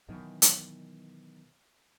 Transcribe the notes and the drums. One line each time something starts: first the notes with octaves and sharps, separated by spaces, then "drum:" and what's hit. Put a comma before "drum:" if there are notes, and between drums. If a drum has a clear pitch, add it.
B2 D#3 E3 F#3
drum: hi-hat